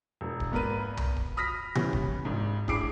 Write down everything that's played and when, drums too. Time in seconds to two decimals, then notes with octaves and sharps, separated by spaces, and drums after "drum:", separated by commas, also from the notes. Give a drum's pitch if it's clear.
0.21 E1
0.40 drum: kick D1
0.52 G#1 B3 A#4 B4 D#7
0.97 drum: tom C2
1.16 drum: kick D1
1.37 B5 D#6 F6 A#6 B6
1.75 E3 G3 B3 C#4, drum: tom C3
1.93 drum: kick D1
2.25 G#1 G#2
2.68 A2 D4 G#4 D6 C7 D7, drum: kick D1